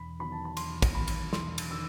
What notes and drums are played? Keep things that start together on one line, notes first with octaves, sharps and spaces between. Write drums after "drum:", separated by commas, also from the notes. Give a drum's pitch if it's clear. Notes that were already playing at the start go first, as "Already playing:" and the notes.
Already playing: E1 B5
E2 D#3 F#3 B5
A5
B5
E1 C6, drum: cymbal
drum: kick, cymbal
E2 D#3 F#3 B5
drum: cymbal
E1 C6, drum: snare
drum: cymbal
D#3 F#3 E6